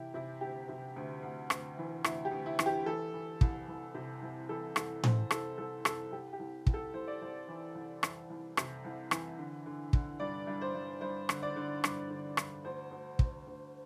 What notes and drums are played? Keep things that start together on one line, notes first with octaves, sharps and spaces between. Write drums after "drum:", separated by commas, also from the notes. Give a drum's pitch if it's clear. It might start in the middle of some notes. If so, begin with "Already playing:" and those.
Already playing: C3 E3 E4 G4
C3 E4
D2 G4
C3
D2
D2
D2, drum: rim click
E3
D2 E4, drum: rim click
G4
D2
E4
E3, drum: rim click
G4
E3 A4
E3
C2, drum: kick
C2
C3
C2
E3 A4
C2 A4, drum: rim click
C2 C5, drum: tom A2
C2 A4, drum: rim click
C2 A4
C2 A4, drum: rim click
C2 G4
G4
C2
C2, drum: kick
A4
C2 C5
D5
C2 C5
E3
C2
E3, drum: rim click
C2
C3, drum: rim click
C2
E3, drum: rim click
D3
D3
D3, drum: kick
G2 D5
G2
C5
G2
G2 C5
D3, drum: rim click
D5
D3
G2, drum: rim click
D3
G2, drum: rim click
D2 C5
D2
D2, drum: kick
D2